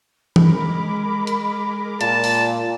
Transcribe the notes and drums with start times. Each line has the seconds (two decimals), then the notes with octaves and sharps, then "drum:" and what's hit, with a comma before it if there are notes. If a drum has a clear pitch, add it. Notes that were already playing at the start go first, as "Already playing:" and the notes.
0.36 G#3 A#4 B5 D6, drum: tom E3
1.27 drum: hi-hat
2.01 A#2 A5, drum: hi-hat
2.24 drum: open hi-hat